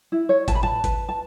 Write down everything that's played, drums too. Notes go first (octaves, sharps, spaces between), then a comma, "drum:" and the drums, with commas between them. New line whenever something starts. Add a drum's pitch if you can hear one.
E4
C#5
B4 A5, drum: kick G#1, hi-hat
B5
A5, drum: tom A2
B4, drum: kick G#1, hi-hat
A5